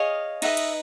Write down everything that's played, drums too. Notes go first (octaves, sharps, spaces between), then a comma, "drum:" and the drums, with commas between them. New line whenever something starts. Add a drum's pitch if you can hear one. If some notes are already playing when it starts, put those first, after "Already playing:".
Already playing: G#4 C#5 D#5 F5
D#4 G#4 B4 D#5 E5 F#5, drum: cymbal
drum: cymbal